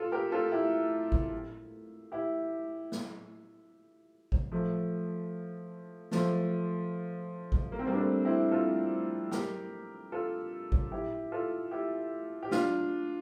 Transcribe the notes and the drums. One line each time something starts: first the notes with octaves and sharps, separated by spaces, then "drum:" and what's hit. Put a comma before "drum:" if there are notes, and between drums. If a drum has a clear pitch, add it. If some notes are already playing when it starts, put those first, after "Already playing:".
Already playing: F4 A4
G4 A#4
F4 A4
E4 G4
drum: kick G#1
E4 G4
drum: snare
drum: kick G#1
F3 A3
F3 A3, drum: snare
drum: kick G#1
A#3
C4
G3 A#3
D4
A3 C4
C4 E4
F4 A4
G4 A#4, drum: snare
F4 A4
drum: kick G#1
E4 G4
F4 A4
E4 G4
G4
D4 F4, drum: snare